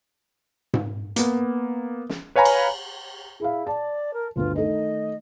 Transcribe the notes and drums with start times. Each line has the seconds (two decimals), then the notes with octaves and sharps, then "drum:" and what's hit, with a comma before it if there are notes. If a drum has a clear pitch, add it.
0.74 drum: tom G#2
1.16 A#3 B3, drum: hi-hat
2.09 drum: snare
2.35 B4 C#5 F5 G#5 A#5 B5
2.45 drum: cymbal
3.40 E4 G#4 F5
3.67 D5 A5
4.13 A#4
4.36 G1 D2 F4 B4
4.56 D#3 A3 D#4 D#5